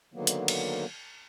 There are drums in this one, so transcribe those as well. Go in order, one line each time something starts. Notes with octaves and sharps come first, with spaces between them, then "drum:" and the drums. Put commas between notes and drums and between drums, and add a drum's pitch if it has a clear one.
D3 D#3 F#3 A#3 B3
drum: hi-hat
drum: cymbal